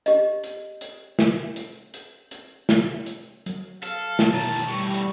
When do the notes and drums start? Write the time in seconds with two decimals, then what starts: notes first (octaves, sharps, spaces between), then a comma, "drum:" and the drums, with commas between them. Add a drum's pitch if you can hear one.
0.06 G4 D#5, drum: hi-hat
0.44 drum: hi-hat
0.81 drum: hi-hat
1.19 drum: snare
1.56 drum: hi-hat
1.94 drum: hi-hat
2.31 drum: hi-hat
2.69 drum: snare
3.06 drum: hi-hat
3.46 F#3, drum: hi-hat
3.83 A4 F5, drum: hi-hat
4.19 drum: snare
4.33 B2 D#3 E3 C#5 A5 A#5
4.57 drum: hi-hat
4.68 E2 A2 G3 C#6
4.94 drum: hi-hat